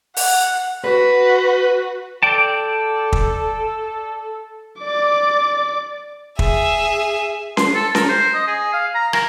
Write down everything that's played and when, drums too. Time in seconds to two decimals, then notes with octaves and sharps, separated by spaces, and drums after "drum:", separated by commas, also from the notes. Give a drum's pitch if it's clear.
0.17 F#5, drum: open hi-hat
0.84 F#4 B4
2.23 A4 D5 G5 A5
3.13 drum: kick
4.81 D5 D6
6.39 G#4 E5, drum: kick
7.57 C6, drum: snare C#4
7.75 A4
7.95 A#4, drum: snare C#4
8.09 C5
8.34 D#5
8.48 G#4
8.73 F5
8.95 A#5
9.13 A#4, drum: rim click